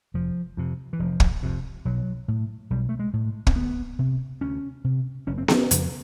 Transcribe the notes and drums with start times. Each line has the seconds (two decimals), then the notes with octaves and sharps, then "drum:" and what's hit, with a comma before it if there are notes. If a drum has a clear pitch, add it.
0.14 F1 F3
0.57 F2 C3
0.93 E3
0.99 F1 F3
1.20 drum: kick
1.43 F2 C3
1.85 B1 F#3
2.28 A2
2.70 B1 G3
2.89 A3
2.99 G#3
3.13 A2
3.47 C4, drum: kick
3.56 D2 B3
3.99 C3
4.41 D2 C#4
4.84 C3
5.27 F#1 C#4
5.38 C4
5.48 C#4, drum: snare B3
5.71 F2 C#3, drum: hi-hat